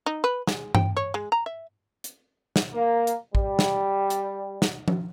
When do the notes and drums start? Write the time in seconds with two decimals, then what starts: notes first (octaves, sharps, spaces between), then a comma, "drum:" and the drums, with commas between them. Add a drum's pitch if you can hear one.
0.06 D#4
0.24 B4
0.47 G#3, drum: snare
0.75 G5, drum: tom G2
0.97 C#5
1.14 G#3
1.32 A#5
1.46 E5
2.04 drum: hi-hat
2.56 drum: snare
2.74 A#3
3.07 drum: hi-hat
3.35 G3, drum: kick
3.59 drum: snare
4.10 drum: hi-hat
4.62 drum: snare
4.88 drum: tom F3